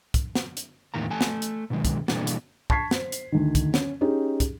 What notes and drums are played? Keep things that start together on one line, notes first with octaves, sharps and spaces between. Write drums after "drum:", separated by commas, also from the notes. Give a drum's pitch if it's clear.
drum: kick, hi-hat
drum: snare
drum: hi-hat
E2 A2 D#3 A#3 A#5
A3 G#5 A5
drum: snare
drum: hi-hat
B2 D3 D#3 G3 G#3
drum: kick, hi-hat
B2 E3 G3 A#3 D4 A4, drum: snare
drum: hi-hat
A5 C#6 G#6 B6 C7, drum: kick
C5, drum: snare
drum: hi-hat
D2 D#3
drum: kick, hi-hat
C#4, drum: snare
C#4 D#4 G4 G#4
drum: kick, hi-hat